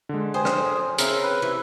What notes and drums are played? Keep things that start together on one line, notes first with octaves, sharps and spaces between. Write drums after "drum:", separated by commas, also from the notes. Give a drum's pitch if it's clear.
D3 G#3
G2 G#4 C5 G5 G#5
drum: rim click
D2
C#3 C4 D#4 E4 A#4, drum: hi-hat
B4
C3 E3 E4